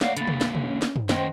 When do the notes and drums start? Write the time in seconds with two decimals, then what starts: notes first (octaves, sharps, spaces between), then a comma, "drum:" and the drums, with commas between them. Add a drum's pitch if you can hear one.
0.01 A3 C#5 D5 F5 F#5, drum: snare
0.17 D3 A#3 B5 A6, drum: hi-hat
0.27 drum: tom
0.41 drum: snare
0.55 drum: tom
0.64 C#4
0.82 drum: snare
0.96 drum: tom
1.09 D#3 C#4 C5 D#5 G5, drum: snare